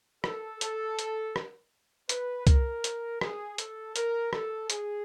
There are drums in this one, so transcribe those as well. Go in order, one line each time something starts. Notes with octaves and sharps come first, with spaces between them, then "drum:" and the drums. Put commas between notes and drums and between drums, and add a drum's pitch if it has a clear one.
A4, drum: rim click
A4, drum: hi-hat
drum: hi-hat
drum: rim click
B4, drum: hi-hat
A#4, drum: kick, hi-hat
drum: hi-hat
G#4, drum: rim click
A4, drum: hi-hat
A#4, drum: hi-hat
A4, drum: rim click
G#4, drum: hi-hat